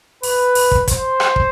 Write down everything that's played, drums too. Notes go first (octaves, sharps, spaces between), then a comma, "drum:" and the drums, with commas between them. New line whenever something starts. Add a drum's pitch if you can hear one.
B4, drum: open hi-hat
drum: open hi-hat
drum: kick
C5, drum: kick, hi-hat
drum: rim click
drum: kick